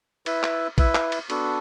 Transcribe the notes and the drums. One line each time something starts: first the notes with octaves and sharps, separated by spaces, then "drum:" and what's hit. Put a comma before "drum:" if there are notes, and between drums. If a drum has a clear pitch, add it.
E4 B4 E5, drum: cymbal
drum: clap
E4 B4 E5, drum: kick A#1, cymbal
drum: clap
drum: cymbal
B3 D4 F#4 A4, drum: cymbal